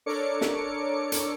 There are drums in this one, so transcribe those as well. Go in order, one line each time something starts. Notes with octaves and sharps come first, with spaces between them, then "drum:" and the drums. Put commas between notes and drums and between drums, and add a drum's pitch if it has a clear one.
D4 A4 A#4 C#5 D6 C#7
drum: snare
drum: hi-hat